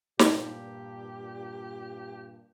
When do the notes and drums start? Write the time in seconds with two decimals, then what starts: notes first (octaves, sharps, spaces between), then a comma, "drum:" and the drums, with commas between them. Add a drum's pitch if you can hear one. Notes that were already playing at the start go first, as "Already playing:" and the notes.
0.19 G2 A#2 G4, drum: snare